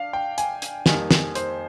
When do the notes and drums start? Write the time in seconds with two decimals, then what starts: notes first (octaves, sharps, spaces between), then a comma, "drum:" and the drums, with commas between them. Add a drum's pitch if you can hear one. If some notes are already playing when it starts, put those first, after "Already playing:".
Already playing: D4 F5
0.13 G5
0.38 G#5, drum: hi-hat
0.62 drum: hi-hat
0.86 F2 D#3 G3 A#3 G#5, drum: snare
1.11 drum: snare
1.35 C5, drum: hi-hat